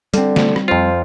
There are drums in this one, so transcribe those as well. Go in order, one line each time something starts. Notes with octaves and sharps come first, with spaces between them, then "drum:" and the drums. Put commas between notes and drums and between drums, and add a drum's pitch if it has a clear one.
D3 G3 C4, drum: hi-hat
drum: snare
drum: rim click
F2 F4 C5